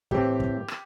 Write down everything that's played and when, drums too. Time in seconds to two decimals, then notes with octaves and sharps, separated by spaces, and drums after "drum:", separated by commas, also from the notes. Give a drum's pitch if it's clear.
0.11 A2 E3 C4 G4, drum: kick
0.40 drum: kick
0.68 drum: rim click